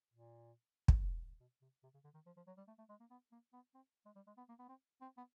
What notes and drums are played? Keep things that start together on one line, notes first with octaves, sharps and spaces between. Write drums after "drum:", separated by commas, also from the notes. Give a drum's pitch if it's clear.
A#2
drum: kick
B2
C3
C3
C#3
D3
D#3
F3
F3
F#3
G3
A3
A3
G#3
A#3
B3
A#3
B3
C4
G#3
G3
G#3
B3
A#3
B3
C4
C4
B3